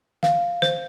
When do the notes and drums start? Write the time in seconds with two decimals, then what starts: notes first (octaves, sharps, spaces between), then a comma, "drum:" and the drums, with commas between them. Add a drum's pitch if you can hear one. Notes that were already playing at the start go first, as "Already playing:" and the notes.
0.23 F5, drum: snare
0.62 C5, drum: snare